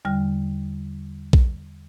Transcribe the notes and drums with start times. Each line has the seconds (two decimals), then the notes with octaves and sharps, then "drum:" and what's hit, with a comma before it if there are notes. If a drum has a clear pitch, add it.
0.05 E2 D3 G3 G5 F6
1.33 drum: kick A#1